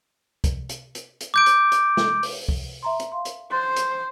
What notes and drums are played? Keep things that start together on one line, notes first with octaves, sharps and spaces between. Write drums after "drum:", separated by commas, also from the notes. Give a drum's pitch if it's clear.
drum: kick C2, hi-hat
drum: hi-hat
drum: hi-hat
drum: hi-hat
D6 G6 D7
drum: hi-hat
drum: hi-hat
drum: snare
drum: open hi-hat
drum: kick C2
E5 A#5 C6
drum: hi-hat
F5 C6
drum: hi-hat
C5 C6 F#6 A6
drum: hi-hat